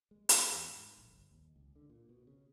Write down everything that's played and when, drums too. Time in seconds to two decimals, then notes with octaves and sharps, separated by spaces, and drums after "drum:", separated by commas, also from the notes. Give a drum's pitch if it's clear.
0.11 G#3
0.29 A3, drum: hi-hat
0.51 E2
0.67 G#2
0.98 A#1
1.12 G1
1.31 D#2
1.56 C#2
1.76 D3
1.89 A#2
2.09 B2
2.27 C#3